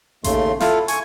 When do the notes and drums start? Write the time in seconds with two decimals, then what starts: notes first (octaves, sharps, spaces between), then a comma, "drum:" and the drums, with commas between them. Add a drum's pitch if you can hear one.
0.24 D#2 C#3 A3 C6, drum: kick A1, hi-hat
0.60 E4 F4 A4 F5, drum: snare
0.88 G#5 C#6, drum: hi-hat